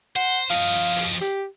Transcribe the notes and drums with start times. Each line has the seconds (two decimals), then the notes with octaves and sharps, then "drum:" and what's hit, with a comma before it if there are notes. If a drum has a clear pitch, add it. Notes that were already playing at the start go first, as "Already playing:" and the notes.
0.16 C5 F#5
0.50 F3 D#5 F5, drum: hi-hat
0.73 drum: hi-hat
0.96 drum: open hi-hat
1.21 G4, drum: hi-hat